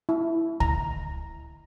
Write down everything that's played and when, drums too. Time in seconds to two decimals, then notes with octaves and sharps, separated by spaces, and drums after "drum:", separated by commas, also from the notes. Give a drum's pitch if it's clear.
0.09 E4
0.60 A#5, drum: kick